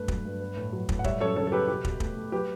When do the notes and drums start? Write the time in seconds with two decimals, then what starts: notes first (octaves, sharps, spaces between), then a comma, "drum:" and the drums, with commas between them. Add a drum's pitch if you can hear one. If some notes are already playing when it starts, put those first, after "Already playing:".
Already playing: G2 A3 B3 B4
0.08 F#3, drum: kick
0.25 G2
0.40 B3
0.57 A2
0.73 F#3
0.89 A2, drum: kick
0.99 F#5
1.04 G3 C#5 E5, drum: kick
1.20 F#2 A4 C#5
1.36 C#3 A4 C#5
1.47 A4
1.52 B3 G4 B4
1.68 B2 G4 B4
1.85 B2, drum: kick
2.00 A3, drum: kick
2.16 A3
2.32 F#3 G4 B4